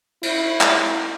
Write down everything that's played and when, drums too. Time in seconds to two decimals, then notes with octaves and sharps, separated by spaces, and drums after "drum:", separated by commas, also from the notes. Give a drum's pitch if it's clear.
0.23 E4, drum: cymbal
0.61 drum: clap